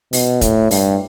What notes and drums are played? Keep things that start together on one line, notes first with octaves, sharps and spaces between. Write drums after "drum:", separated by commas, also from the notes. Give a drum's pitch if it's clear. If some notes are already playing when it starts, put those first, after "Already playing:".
B2, drum: open hi-hat
A2, drum: kick, hi-hat
G2, drum: open hi-hat